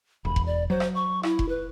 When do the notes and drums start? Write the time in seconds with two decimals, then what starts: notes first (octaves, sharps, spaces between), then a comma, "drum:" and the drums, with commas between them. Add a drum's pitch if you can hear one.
0.25 E1 B5
0.36 drum: kick F1
0.46 D5
0.70 F#3 C5
0.80 drum: rim click
0.95 C#6
1.23 E4, drum: rim click
1.39 drum: kick F1
1.49 B4